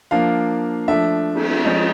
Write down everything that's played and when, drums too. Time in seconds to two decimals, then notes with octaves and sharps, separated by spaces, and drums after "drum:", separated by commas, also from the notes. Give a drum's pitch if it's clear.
0.11 F3 A#3 D4 F5
0.88 F3 A3 D4 E5
1.35 drum: cymbal
1.65 F3 G#3 C#4 D#5